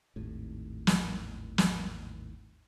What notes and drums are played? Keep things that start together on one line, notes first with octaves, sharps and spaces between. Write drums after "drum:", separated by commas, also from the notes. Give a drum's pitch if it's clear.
G#1 D#2 A2
drum: snare
drum: snare